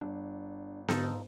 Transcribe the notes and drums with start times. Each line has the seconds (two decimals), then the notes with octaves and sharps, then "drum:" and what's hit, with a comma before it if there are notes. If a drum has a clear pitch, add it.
0.01 G1 D4
0.88 G#2 D3 F3 D#4 A4, drum: snare B3